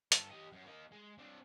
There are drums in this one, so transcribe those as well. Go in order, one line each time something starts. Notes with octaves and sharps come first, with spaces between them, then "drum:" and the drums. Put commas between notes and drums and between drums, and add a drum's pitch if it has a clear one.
G2 A4, drum: hi-hat
G4 D#5
F#2
A#3 D#5
G#3
C4 D4